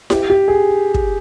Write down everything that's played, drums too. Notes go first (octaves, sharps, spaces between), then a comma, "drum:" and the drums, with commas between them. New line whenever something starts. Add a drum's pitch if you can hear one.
G4, drum: snare E4
G4
G#4
drum: kick